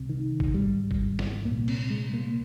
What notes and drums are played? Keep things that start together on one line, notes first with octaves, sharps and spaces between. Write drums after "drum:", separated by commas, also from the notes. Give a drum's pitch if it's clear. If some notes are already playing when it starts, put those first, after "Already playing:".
Already playing: C2 C3
D#3
drum: kick G#1
G#1 G#2 G3
drum: kick G#1
drum: snare
C2 A#2 A#3
C4, drum: cymbal
G#3
A#3